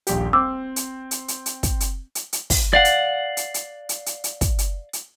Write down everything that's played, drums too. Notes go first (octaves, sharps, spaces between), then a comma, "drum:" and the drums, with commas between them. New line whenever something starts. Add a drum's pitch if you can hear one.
D#1 A#1 G4, drum: hi-hat
C4 D6 E6
drum: hi-hat
drum: hi-hat
drum: hi-hat
drum: hi-hat
drum: kick, hi-hat
drum: hi-hat
drum: hi-hat
drum: hi-hat
drum: kick, open hi-hat
D5 F5 F#5
drum: hi-hat
drum: hi-hat
drum: hi-hat
drum: hi-hat
drum: hi-hat
drum: hi-hat
drum: kick, hi-hat
drum: hi-hat
drum: hi-hat